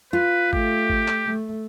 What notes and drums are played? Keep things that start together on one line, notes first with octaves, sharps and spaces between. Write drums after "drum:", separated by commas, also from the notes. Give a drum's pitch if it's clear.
F4 B4
A3 G4, drum: kick G#1
drum: kick G#1
drum: clap
A3